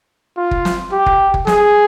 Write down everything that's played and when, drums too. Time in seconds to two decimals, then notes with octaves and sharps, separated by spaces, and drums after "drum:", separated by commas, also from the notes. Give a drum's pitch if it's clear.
0.37 F4
0.51 drum: kick
0.65 drum: snare
0.92 G4
1.06 drum: kick
1.34 drum: kick
1.47 G#4, drum: snare